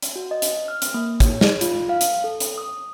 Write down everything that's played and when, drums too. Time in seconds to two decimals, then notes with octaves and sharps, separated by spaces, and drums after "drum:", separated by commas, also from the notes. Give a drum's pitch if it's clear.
0.03 drum: hi-hat
0.16 F#4
0.31 D#5
0.42 drum: hi-hat
0.68 F6
0.82 drum: hi-hat
0.94 A#3
1.20 C#5, drum: kick, hi-hat
1.41 drum: snare
1.61 F4, drum: hi-hat
1.89 F5
2.01 drum: hi-hat
2.24 A4
2.40 drum: hi-hat
2.58 D#6